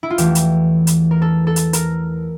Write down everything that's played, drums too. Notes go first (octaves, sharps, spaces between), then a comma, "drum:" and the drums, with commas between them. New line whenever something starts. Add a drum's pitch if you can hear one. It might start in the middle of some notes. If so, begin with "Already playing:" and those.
E4
F4
E2 E3 A3 G4, drum: hi-hat
drum: hi-hat
drum: hi-hat
A#4
A4
A4
drum: hi-hat
A#4, drum: hi-hat